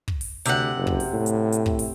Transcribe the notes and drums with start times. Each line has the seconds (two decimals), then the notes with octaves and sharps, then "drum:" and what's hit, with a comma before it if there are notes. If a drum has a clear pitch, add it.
0.08 drum: kick
0.21 drum: open hi-hat
0.46 D2 C3 F#5, drum: hi-hat
0.77 F#1
0.87 drum: kick
1.00 drum: open hi-hat
1.13 A2
1.26 drum: hi-hat
1.53 drum: hi-hat
1.66 drum: kick
1.79 drum: open hi-hat